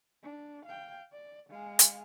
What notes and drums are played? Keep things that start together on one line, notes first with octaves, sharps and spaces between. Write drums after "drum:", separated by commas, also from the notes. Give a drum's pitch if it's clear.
D4
F5 G5
D5
G#3 F5
drum: hi-hat